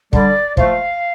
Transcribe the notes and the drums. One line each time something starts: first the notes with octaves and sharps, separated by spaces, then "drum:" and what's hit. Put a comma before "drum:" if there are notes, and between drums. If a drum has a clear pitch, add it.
D3 G3 D5, drum: kick
F3 A3 F5, drum: kick